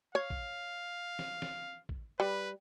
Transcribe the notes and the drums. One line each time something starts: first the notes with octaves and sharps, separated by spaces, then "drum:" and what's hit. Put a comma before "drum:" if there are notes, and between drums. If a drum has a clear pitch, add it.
C#5 F5
drum: kick
drum: snare
drum: snare
drum: kick
G3 B4